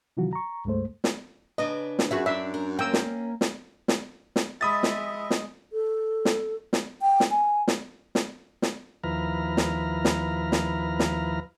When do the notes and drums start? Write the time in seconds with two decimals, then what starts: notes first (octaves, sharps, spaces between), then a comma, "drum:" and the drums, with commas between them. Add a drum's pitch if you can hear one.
0.17 C3 D#3 E3 F#3 F4 F#4
0.33 A#5 C#6
0.65 C#2 G2 G#3 A3 C5
1.04 drum: snare
1.58 C#3 D4 B4 D#5
1.99 drum: snare
2.11 F#2 F#4 G#4 E5
2.26 D4 E5
2.54 A#4
2.79 A#3 C#4 G5 E6
2.93 drum: snare
3.41 drum: snare
3.88 drum: snare
4.36 drum: snare
4.61 G#3 D#5 E5 B5 D#6 A6
4.83 drum: snare
5.30 drum: snare
5.73 A4
6.25 drum: snare
6.73 drum: snare
7.02 G5
7.20 drum: snare
7.31 G#5
7.68 drum: snare
8.15 drum: snare
8.62 drum: snare
9.04 D#2 F3 E4 B4 A#5 F6
9.57 drum: snare
10.05 drum: snare
10.52 drum: snare
10.99 drum: snare